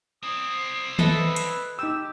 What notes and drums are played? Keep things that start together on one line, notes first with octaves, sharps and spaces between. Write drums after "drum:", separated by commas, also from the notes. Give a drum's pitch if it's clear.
C4 E4 D#6
A4 B4 D#5 E5, drum: tom D#3
drum: hi-hat
D#4 G4 E6